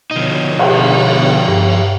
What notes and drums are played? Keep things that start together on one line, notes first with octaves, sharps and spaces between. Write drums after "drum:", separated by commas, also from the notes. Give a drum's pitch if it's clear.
B2 D3 F3 D#4 C#5
drum: cymbal
G2